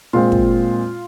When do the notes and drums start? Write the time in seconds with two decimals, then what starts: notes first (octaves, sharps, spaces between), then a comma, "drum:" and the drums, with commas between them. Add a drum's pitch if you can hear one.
0.13 A#2 G#3 C4 F4
0.32 drum: kick